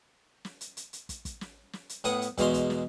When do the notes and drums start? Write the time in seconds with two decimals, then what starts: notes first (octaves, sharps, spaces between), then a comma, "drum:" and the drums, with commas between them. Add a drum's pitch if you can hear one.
0.45 drum: snare
0.61 drum: hi-hat
0.77 drum: hi-hat
0.93 drum: hi-hat
1.09 drum: kick, hi-hat
1.25 drum: kick, hi-hat
1.41 drum: snare
1.73 drum: snare
1.89 drum: hi-hat
2.04 A2 B3 F#5 D#6, drum: hi-hat
2.22 drum: hi-hat
2.38 E2 B2 G#3 F#4 F5 C6, drum: kick, hi-hat
2.54 drum: kick, hi-hat
2.70 drum: snare